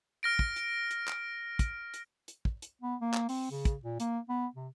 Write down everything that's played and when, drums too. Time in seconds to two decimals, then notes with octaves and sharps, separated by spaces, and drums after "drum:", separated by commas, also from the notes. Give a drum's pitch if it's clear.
0.23 F6 A#6 D7
0.39 drum: kick
0.56 drum: hi-hat
0.91 drum: hi-hat
1.08 drum: clap
1.59 drum: kick, hi-hat
1.94 drum: hi-hat
2.28 drum: hi-hat
2.45 drum: kick
2.62 drum: hi-hat
2.82 B3
3.01 A#3
3.14 drum: clap
3.29 C4, drum: open hi-hat
3.51 C#3
3.65 drum: kick, hi-hat
3.83 A#2
4.00 A#3, drum: hi-hat
4.29 B3
4.55 C3